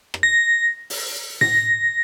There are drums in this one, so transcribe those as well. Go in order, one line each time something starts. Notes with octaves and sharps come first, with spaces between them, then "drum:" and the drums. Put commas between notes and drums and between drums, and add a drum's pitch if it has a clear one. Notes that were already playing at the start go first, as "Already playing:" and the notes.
drum: rim click
A#6
drum: open hi-hat
A#6, drum: tom A2